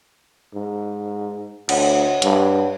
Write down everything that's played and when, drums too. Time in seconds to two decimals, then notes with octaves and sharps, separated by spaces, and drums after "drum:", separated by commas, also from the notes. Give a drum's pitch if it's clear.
0.54 G#2
1.69 D2 C#5 F#5, drum: cymbal
2.22 G2, drum: hi-hat